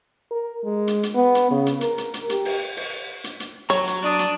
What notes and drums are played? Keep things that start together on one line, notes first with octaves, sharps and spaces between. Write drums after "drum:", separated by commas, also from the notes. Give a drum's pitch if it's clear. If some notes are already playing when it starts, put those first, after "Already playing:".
A#4
G#3
drum: hi-hat
drum: hi-hat
B3
drum: hi-hat
C#3
drum: hi-hat
A#4, drum: hi-hat
drum: hi-hat
drum: hi-hat
G4, drum: hi-hat
drum: open hi-hat
drum: open hi-hat
drum: hi-hat
drum: hi-hat
F#3 C#5, drum: hi-hat
drum: hi-hat
D4 D5 D#6
drum: hi-hat